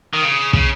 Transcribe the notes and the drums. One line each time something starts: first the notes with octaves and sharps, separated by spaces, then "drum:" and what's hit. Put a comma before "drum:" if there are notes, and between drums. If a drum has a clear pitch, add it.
D#3
C#3
C#3, drum: kick